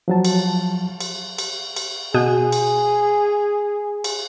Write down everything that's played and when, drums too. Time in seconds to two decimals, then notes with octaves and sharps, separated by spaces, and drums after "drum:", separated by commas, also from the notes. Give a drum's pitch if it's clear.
0.08 F3 F#3 A5
0.25 drum: cymbal
1.01 drum: cymbal
1.38 drum: cymbal
1.76 drum: cymbal
2.14 B2 G#4
2.52 drum: cymbal
4.04 drum: cymbal